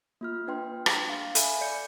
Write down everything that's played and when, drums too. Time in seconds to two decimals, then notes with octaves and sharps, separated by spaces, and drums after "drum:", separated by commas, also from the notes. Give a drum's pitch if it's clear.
0.21 A#3 F4 F6
0.47 D4 B4 G5 C6
0.86 drum: rim click
1.09 F5
1.35 A4 E5 G#5 B5, drum: hi-hat
1.61 D5 G6 C#7